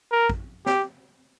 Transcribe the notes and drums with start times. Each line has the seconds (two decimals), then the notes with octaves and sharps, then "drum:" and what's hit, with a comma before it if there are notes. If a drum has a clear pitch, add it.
0.11 A#4
0.29 drum: kick A1
0.66 G4, drum: snare